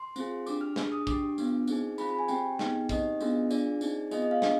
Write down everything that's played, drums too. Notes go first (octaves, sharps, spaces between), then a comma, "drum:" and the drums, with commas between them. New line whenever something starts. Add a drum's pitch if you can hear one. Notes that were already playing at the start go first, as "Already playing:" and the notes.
Already playing: C6
C4 F4 G#4, drum: tambourine
D4 G4 D6, drum: tambourine
F6
D4 G#4, drum: snare
D#6
D4 G4 D6, drum: kick, tambourine
B3 D4 F4, drum: tambourine
C4 D#4 G#4, drum: tambourine
C4 F4 G#4 B5, drum: tambourine
B5
G#5
C4 G4 G5, drum: tambourine
B3 D#4 G#4, drum: snare
C4 D#4 G4 D#5, drum: kick, tambourine
B3 D4 F4 G#4, drum: tambourine
D4 F4 G#4 D5, drum: tambourine
C4 D#4 G#4, drum: tambourine
B3 F4 G#4 D#5, drum: tambourine
D#5
F5
D4 G#4 D#5, drum: snare